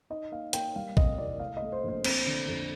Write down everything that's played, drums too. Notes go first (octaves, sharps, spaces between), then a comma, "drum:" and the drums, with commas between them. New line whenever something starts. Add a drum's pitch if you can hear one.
D#4 D#5
A#3 F5
A#3 G5, drum: hi-hat
G3 F5
C3 D#5, drum: kick A#1
C2 D5
A3 F5
D#5
A3
C5
A#1 C5
C4, drum: cymbal
D3
F2